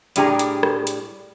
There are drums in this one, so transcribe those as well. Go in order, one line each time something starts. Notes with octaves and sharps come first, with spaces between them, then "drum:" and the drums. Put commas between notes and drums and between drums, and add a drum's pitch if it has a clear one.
A2 G3 D4 G4 G#4 A#5, drum: hi-hat
drum: hi-hat
drum: rim click
drum: hi-hat